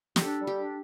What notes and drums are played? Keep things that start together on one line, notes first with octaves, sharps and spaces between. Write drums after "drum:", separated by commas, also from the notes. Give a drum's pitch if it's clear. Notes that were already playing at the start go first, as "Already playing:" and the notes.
G4, drum: snare
D4 A4
G3
G4
D4